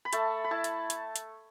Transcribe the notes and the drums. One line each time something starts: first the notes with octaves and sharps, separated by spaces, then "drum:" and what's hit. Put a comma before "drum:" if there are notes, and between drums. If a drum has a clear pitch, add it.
B5
A3 A5, drum: hi-hat
B5
E4 A5
drum: hi-hat
drum: hi-hat
drum: hi-hat